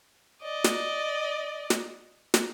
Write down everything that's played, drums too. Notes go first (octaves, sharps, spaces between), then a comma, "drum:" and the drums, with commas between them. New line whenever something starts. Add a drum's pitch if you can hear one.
D5 D#5
drum: snare
drum: snare
drum: snare